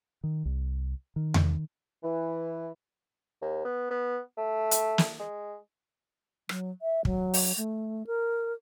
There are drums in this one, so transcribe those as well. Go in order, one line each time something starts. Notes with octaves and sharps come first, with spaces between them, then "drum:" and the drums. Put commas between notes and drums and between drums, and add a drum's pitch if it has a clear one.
D#3
C2
D#3
drum: tom E2
E3
D#2
B3
B3
A3
drum: hi-hat
drum: snare
G#3
F#3, drum: rim click
E5
F#3, drum: kick
drum: open hi-hat
A3
A#4